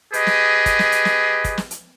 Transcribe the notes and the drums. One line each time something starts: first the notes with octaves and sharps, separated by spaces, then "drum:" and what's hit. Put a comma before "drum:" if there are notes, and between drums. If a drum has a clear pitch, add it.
G4 G#4 B4 D#5, drum: hi-hat
drum: snare
drum: kick, hi-hat
drum: snare
drum: hi-hat
drum: snare
drum: kick, hi-hat
drum: snare
drum: hi-hat